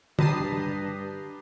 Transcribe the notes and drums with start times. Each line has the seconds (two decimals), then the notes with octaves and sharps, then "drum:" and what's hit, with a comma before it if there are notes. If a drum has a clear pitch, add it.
0.19 G2 G4 B4 A5 A#5 D#6 C7, drum: tom